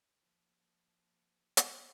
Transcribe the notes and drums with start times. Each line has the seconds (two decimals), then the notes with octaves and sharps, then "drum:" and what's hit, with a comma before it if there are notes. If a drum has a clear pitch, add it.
0.19 F3 A#3
1.57 drum: hi-hat